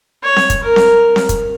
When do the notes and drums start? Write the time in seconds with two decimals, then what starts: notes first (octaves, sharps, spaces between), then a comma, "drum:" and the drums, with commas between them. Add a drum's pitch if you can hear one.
0.23 C#5
0.36 drum: snare C4
0.50 drum: kick, hi-hat
0.63 A#4
0.76 drum: snare C4
1.16 drum: snare C4
1.29 drum: kick, hi-hat